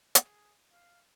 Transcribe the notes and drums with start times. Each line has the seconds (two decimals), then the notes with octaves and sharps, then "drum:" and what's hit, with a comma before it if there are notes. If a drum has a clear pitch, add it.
0.15 G#4, drum: hi-hat
0.71 F5